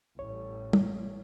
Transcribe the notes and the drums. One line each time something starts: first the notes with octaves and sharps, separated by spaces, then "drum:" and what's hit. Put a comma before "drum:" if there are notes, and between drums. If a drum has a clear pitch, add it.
A1 A2 G3 C#5
drum: tom